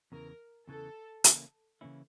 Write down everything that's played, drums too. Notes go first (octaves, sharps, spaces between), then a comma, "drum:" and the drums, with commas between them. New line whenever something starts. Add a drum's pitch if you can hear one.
E2 C#3 E3 A#4
E2 C#3 E3 A4
C#3 E3 A#3 C#4 E4, drum: hi-hat
C#3 E3 A#3 C#4 E4